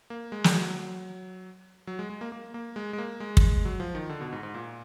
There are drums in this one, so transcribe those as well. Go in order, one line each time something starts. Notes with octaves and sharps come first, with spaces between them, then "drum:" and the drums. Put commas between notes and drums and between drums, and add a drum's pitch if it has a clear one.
A#3
G#3
drum: snare
F#3
F#3
G#3
G#3
A#3
A#3
A#3
G#3
G#3
A#3
G#3
drum: kick
F#3
F3
D#3
D3
B2
G#2
G#2
A#2